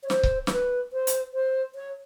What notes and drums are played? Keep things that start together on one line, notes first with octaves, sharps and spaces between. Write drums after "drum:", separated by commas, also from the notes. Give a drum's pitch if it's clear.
C#5
C5, drum: snare
drum: kick C#1
C5, drum: snare
B4
C5
drum: hi-hat
C5
C#5